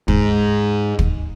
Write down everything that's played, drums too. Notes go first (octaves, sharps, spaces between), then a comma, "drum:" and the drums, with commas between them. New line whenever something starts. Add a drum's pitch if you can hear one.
G#2, drum: kick
drum: kick